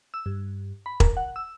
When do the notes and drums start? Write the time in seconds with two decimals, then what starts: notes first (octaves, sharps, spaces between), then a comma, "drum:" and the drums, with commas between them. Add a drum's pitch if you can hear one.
0.14 E6
0.26 G2
0.86 B5
1.00 A#4, drum: kick E1
1.17 F#5
1.36 E6